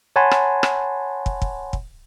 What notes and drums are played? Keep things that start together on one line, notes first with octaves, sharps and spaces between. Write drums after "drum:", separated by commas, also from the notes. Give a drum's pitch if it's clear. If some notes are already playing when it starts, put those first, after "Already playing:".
C#5 F#5 G#5 A5 B5 C6
drum: rim click
drum: rim click
drum: kick
drum: kick
drum: kick